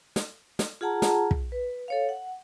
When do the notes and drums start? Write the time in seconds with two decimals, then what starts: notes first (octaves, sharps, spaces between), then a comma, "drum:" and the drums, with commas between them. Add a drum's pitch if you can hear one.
0.16 drum: snare
0.59 drum: snare
0.81 F4 G#4 F#5 A5 A#5
1.02 drum: snare
1.31 drum: kick
1.52 B4
1.88 A4 C#5 F5
2.09 F#5